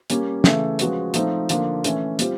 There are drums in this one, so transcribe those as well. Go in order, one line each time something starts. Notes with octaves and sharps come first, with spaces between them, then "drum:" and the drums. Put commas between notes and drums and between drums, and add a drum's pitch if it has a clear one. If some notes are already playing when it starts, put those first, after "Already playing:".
G3 A#3 C#4, drum: hi-hat
C#3 E3 A3, drum: snare
F3 G#3 C#4 F#4 B4, drum: hi-hat
F3 A3 C4 D#4, drum: hi-hat
D3 F3 A#3 D4, drum: hi-hat
E3 A3 C#4, drum: hi-hat
G3 C4 F4, drum: hi-hat